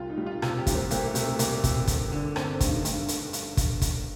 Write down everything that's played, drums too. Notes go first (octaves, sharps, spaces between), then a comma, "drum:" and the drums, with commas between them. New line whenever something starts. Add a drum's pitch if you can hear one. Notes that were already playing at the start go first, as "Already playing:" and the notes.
Already playing: C2 F4
D#4
G3
F4
C3 F4, drum: rim click
G4
C2, drum: kick, hi-hat
C4
C2 A#3, drum: hi-hat
A3
C3, drum: hi-hat
A3
C2 A#3, drum: hi-hat
C3, drum: kick, hi-hat
G1, drum: kick, hi-hat
D3
G1 C4, drum: rim click
G2, drum: kick, hi-hat
D#4
G2, drum: hi-hat
G1, drum: hi-hat
drum: hi-hat
drum: kick, hi-hat
drum: kick, hi-hat